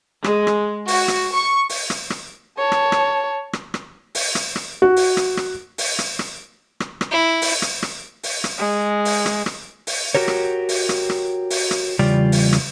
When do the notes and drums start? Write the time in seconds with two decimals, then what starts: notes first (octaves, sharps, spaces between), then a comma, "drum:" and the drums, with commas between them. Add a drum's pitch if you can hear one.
0.24 G#3, drum: rim click
0.47 drum: rim click
0.88 F#4, drum: open hi-hat
1.08 drum: rim click
1.34 C#6
1.69 drum: open hi-hat
1.90 drum: rim click
2.10 drum: rim click
2.58 C#5 A5
2.72 drum: rim click
2.92 drum: rim click
3.53 drum: rim click
3.74 drum: rim click
4.15 drum: open hi-hat
4.35 drum: rim click
4.56 drum: rim click
4.82 F#4
4.96 drum: open hi-hat
5.17 drum: rim click
5.37 drum: rim click
5.78 drum: open hi-hat
5.99 drum: rim click
6.19 drum: rim click
6.80 drum: rim click
7.01 drum: rim click
7.11 E4
7.42 drum: open hi-hat
7.62 drum: rim click
7.83 drum: rim click
8.23 drum: open hi-hat
8.44 drum: rim click
8.58 G#3
9.05 drum: open hi-hat
9.26 drum: rim click
9.46 drum: rim click
9.87 drum: open hi-hat
10.15 F#4 G4 A#4 C#5
10.28 drum: rim click
10.69 drum: open hi-hat
10.89 drum: rim click
11.10 drum: rim click
11.50 drum: open hi-hat
11.71 drum: rim click
11.99 E2 C#3 G3 F4 G4 D5
12.32 drum: open hi-hat
12.53 drum: rim click